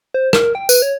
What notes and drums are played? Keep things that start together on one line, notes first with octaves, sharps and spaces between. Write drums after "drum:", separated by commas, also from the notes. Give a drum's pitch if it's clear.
C5
A#4, drum: rim click
G5
B4, drum: tambourine
C#5